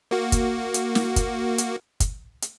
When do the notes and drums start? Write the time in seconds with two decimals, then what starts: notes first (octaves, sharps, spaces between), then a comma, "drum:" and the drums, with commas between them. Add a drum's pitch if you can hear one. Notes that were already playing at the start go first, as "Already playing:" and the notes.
0.11 A#3 F#4
0.32 drum: kick, hi-hat
0.74 drum: hi-hat
0.95 drum: snare
1.16 drum: kick, hi-hat
1.58 drum: hi-hat
2.00 drum: kick, hi-hat
2.42 drum: hi-hat